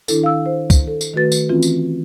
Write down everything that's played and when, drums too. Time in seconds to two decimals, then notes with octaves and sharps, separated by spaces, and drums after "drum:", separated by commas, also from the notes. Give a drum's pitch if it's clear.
0.08 D#3 D4 E4 A4, drum: tambourine
0.23 F5 E6
0.46 C5
0.70 drum: kick, tambourine
0.87 A4
1.01 drum: tambourine
1.14 D#3 A3 F#4 B4 A6
1.32 drum: tambourine
1.49 E3 C4 C#4 F4
1.62 drum: tambourine